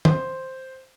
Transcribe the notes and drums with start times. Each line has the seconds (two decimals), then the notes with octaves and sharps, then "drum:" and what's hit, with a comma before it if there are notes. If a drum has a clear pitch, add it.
0.05 C5, drum: tom